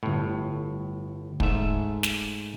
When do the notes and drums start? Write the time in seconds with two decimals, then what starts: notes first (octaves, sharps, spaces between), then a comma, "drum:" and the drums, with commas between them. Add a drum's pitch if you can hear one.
0.03 G1 A2
1.40 G#2 A3 E5, drum: kick
2.03 drum: snare